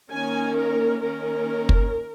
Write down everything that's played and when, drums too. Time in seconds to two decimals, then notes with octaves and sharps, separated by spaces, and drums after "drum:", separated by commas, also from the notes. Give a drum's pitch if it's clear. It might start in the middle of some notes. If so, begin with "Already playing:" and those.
0.11 D#3 A#3 C#4 G#5
0.56 A#4
1.01 D#3 A#3 C#4 A#4
1.69 drum: kick